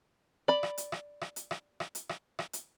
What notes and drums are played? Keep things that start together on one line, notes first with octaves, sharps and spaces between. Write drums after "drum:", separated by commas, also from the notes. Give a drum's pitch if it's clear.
D5 B5
drum: rim click
drum: hi-hat
drum: rim click
drum: rim click
drum: hi-hat
drum: rim click
drum: rim click
drum: hi-hat
drum: rim click
drum: rim click
drum: hi-hat